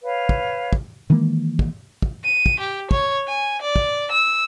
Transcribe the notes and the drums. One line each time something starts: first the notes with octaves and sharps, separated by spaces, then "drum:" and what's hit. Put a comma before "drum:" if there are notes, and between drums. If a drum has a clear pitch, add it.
B4 C#5 F5
drum: kick
drum: kick
D#3 E3 G#3 A#3
drum: kick
drum: kick
D#7
drum: kick
G4
C#5, drum: kick
G#5
D5
drum: kick
E6